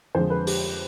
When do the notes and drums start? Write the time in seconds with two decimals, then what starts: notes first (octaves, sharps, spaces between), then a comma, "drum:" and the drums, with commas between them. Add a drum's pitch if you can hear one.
0.15 F2 D3 F3 G#3 C5
0.30 B4
0.47 G4, drum: open hi-hat